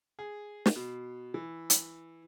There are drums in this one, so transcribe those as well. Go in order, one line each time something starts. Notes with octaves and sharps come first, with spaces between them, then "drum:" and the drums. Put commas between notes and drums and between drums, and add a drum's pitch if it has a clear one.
G#4
drum: snare
B2
E3
drum: hi-hat